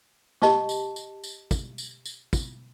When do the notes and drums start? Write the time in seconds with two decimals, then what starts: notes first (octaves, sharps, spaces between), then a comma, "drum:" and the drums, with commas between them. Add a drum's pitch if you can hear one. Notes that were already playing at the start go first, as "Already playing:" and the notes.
0.42 G4 D#5 A5 C#6, drum: snare
0.69 drum: tambourine
0.96 drum: tambourine
1.24 drum: tambourine
1.51 drum: kick, tambourine
1.78 drum: tambourine
2.05 drum: tambourine
2.33 drum: kick, tambourine